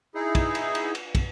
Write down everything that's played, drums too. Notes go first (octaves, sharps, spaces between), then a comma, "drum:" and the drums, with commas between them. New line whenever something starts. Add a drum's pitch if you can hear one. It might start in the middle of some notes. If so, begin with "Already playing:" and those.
D#4 E4 G#4
drum: kick, cymbal
drum: cymbal
drum: cymbal
drum: cymbal
drum: kick, cymbal